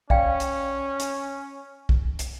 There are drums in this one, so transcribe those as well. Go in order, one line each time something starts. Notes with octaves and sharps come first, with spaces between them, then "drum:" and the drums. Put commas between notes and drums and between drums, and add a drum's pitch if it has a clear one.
C#4 D5 F5 G5, drum: kick
drum: hi-hat
drum: hi-hat
drum: kick
drum: hi-hat